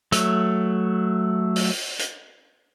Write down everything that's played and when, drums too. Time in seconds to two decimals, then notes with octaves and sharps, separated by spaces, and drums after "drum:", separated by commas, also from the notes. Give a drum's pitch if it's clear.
0.12 F#3 A3, drum: hi-hat
1.56 drum: open hi-hat
1.99 drum: hi-hat